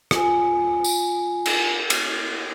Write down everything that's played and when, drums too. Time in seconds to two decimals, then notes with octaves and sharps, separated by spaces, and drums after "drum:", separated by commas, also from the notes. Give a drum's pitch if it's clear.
0.11 F4 G#5, drum: rim click
0.84 drum: tambourine
1.45 drum: cymbal
1.90 drum: cymbal